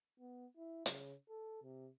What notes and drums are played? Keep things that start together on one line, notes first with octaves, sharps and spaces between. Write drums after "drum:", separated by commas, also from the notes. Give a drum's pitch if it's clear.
B3
E4
C#3, drum: hi-hat
A4
C3